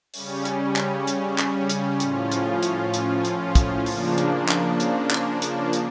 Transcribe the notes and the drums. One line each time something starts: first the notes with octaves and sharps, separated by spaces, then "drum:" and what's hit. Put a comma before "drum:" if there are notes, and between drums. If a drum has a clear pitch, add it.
C#3 G3 C#4, drum: open hi-hat
drum: hi-hat
drum: clap
drum: hi-hat
drum: clap
drum: hi-hat
A2 F3 C#4 F4, drum: hi-hat
drum: hi-hat
drum: hi-hat
drum: hi-hat
drum: hi-hat
drum: kick, hi-hat
C#3 F3 A#3 D4, drum: open hi-hat
drum: hi-hat
drum: clap
drum: hi-hat
drum: clap
drum: hi-hat
drum: hi-hat